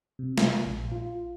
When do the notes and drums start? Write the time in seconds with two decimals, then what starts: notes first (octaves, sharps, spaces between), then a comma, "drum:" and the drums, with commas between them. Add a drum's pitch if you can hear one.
0.19 C3
0.38 drum: snare
0.65 A#1
0.92 F4